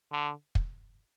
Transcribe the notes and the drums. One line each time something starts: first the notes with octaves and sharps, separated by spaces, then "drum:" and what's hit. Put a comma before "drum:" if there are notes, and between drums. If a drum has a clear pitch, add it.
D3
drum: kick